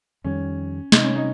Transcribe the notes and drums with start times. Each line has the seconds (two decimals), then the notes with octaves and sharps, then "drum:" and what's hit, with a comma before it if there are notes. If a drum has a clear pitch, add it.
0.24 F2 D#3 G3 C#4
0.92 C3 G3 C4 D#4, drum: snare
1.03 C#4
1.16 D#4